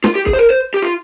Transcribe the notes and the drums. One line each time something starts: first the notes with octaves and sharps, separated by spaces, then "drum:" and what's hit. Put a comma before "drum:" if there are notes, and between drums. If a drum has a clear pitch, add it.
F4, drum: snare
G4
G#4, drum: kick
C5
A#4
C5
G4
F4